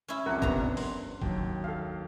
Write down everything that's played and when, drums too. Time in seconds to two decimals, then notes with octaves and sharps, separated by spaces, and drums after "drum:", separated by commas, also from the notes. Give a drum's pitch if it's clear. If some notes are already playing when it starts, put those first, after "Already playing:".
0.08 C#4 E4
0.26 C2 F2 A#4 F#5
0.42 G2 G3 B3 A#5, drum: kick
0.77 C6, drum: open hi-hat
1.22 D#2 F#3 G5, drum: kick
1.64 A4 F5